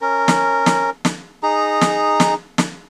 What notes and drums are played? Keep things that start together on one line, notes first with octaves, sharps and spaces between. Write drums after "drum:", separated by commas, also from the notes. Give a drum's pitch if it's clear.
C#4 A#4
drum: snare
drum: snare
drum: snare
D#4 G#4 A#5
drum: snare
drum: snare
drum: snare